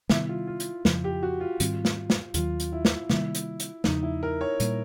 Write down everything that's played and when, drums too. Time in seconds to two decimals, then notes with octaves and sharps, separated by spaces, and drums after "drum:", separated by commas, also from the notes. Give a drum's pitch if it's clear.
0.10 C3 D#3 G3 B3 E4, drum: snare
0.29 F4
0.47 F4
0.60 drum: hi-hat
0.85 F2 C#3 F3, drum: snare
1.04 G4
1.23 F#4
1.40 F4
1.60 G#2 D#3 G3 C4, drum: hi-hat
1.85 drum: snare
2.10 drum: snare
2.34 D#2 D#3 F#3 F4, drum: hi-hat
2.60 drum: hi-hat
2.72 E4
2.85 drum: snare
3.09 C3 D#3 G3 A#3 E4, drum: snare
3.35 drum: hi-hat
3.60 drum: hi-hat
3.84 E2 C#3 F3 A3 D#4, drum: snare
4.03 E4
4.23 A#4
4.41 C#5
4.60 A#2 G3 A#3, drum: hi-hat